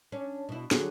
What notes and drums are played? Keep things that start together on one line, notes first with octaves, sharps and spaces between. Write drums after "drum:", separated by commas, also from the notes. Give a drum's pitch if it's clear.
C#4 D4
B2 E4
D3 F#3 G#4, drum: snare